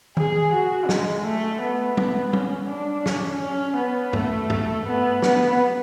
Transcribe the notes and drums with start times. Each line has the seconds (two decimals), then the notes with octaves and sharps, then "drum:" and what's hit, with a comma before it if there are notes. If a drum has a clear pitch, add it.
0.17 G#4, drum: tom
0.54 F#4
0.89 G#3, drum: snare
1.25 A3
1.62 B3
1.97 B3, drum: tom
2.33 C#4, drum: tom
2.70 D4
3.06 C#4, drum: snare
3.41 C#4
3.77 B3
4.13 A3, drum: tom
4.50 drum: tom
4.86 B3
5.22 B3, drum: snare